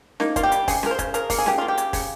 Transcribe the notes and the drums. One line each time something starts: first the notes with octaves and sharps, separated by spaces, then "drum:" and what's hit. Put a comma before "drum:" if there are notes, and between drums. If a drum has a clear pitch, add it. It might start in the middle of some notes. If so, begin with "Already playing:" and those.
A#3 D#4, drum: snare C#4
A#3 F4, drum: kick, hi-hat
G4
G3, drum: hi-hat
C#3 G#4, drum: kick, open hi-hat
C#3 A#4, drum: snare C#4
C5
C#3, drum: kick, hi-hat
C#3 A#4, drum: hi-hat
A#3, drum: kick, open hi-hat
G#4
C#3 G4, drum: snare C#4
A#3 F4
G4
C#3, drum: hi-hat
C#3, drum: kick, open hi-hat